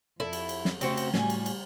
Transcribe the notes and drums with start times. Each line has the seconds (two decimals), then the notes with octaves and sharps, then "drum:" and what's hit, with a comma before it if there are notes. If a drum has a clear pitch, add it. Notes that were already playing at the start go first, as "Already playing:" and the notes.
0.20 F2 E4 A4
0.33 drum: cymbal
0.49 drum: cymbal
0.65 drum: snare
0.81 C#3 A3 C4 F#4 C5, drum: cymbal
0.97 drum: cymbal
1.14 A2 G3 F#4 G#5, drum: snare
1.30 drum: cymbal
1.46 drum: cymbal